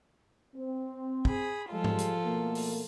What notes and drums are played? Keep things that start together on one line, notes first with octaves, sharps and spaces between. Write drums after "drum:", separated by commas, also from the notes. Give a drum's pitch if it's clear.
C4
G#4 B5, drum: kick
F3 G3 G#3 F4 A4
drum: tom G#2
drum: hi-hat
B2 A3 A#3
drum: open hi-hat